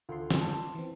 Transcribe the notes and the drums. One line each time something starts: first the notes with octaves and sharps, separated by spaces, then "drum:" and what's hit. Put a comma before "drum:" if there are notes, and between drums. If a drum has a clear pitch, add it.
D2 F4 C6
drum: snare
A5
E3 C4